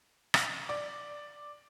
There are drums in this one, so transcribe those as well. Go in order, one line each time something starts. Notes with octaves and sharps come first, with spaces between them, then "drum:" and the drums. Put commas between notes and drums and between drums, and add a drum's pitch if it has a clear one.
drum: rim click
D5